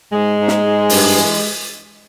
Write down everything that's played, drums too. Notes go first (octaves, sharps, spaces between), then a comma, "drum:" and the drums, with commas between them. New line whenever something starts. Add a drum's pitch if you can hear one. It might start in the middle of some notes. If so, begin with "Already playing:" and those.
G#2 G#3
G#2
drum: snare
G#2
G2, drum: open hi-hat
E3